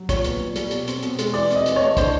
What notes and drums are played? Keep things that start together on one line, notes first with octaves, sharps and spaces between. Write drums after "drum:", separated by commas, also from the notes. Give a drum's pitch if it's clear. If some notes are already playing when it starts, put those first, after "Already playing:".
Already playing: F#3
A#2 C#5, drum: kick, hi-hat
B3, drum: hi-hat
A#2
G3, drum: hi-hat
B2, drum: hi-hat
C4, drum: hi-hat
B2, drum: hi-hat
G#3, drum: hi-hat
E3 D5, drum: open hi-hat
C4 D#5, drum: hi-hat
E3, drum: hi-hat
A3 C#5
D3 C5, drum: kick, hi-hat